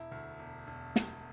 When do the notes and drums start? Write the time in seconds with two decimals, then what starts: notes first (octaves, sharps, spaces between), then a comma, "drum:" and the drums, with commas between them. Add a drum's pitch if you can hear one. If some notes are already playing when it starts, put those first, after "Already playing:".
Already playing: E1 E4
0.11 D2
0.39 E1
0.67 E1
0.96 E1, drum: snare